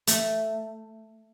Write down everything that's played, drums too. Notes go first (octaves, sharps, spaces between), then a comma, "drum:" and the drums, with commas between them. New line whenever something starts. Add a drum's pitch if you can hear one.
A3, drum: hi-hat